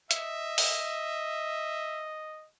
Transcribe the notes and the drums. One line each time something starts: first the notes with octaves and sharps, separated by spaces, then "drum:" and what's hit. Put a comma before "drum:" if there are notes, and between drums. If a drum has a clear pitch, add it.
D#5 E5, drum: hi-hat
drum: open hi-hat